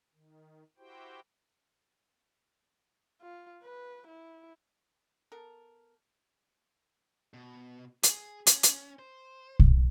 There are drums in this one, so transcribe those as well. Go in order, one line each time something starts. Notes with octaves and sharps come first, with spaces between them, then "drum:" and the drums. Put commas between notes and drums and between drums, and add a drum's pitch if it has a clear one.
D#3
E4 F#4 G4 C5 G5
F4
B4
E4
B3 A4 A#4
B2
G#4, drum: hi-hat
C#4, drum: hi-hat
drum: hi-hat
C5
drum: kick